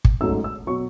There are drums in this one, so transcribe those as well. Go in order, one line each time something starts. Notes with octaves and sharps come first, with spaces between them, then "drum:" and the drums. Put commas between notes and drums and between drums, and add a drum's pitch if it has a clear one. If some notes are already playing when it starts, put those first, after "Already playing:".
drum: kick
G#2 F#3 A3 C#4 E6
E6
B2 F#3 C#6